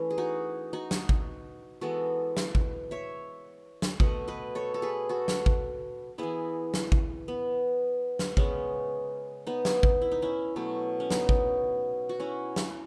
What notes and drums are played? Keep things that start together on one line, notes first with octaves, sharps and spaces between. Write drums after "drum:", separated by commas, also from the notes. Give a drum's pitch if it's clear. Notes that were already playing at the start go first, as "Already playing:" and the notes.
Already playing: E3 A3 C#4
G#4
D#4 F#4
D#4 F#4
drum: snare
drum: kick G#1
E3 G#3 B3 F#4 A4
drum: snare
drum: kick G#1
C#5 E5
drum: snare
B2 A3 D#5 F#5, drum: kick G#1
B4 D#5
A4 C#5
A4
G#4 B4
F#4 A4
drum: snare
drum: kick G#1
E3 B3 E4 G#4
drum: snare
drum: kick G#1
B3
drum: snare
C#3 G#3 B3 C#4, drum: kick G#1
B3 D#4
drum: snare
drum: kick G#1
E4
D#4
C#4 E4
B2 F#3 A3
C#4
B3 D#4, drum: snare
drum: kick G#1
F#4
C#4 E4
drum: snare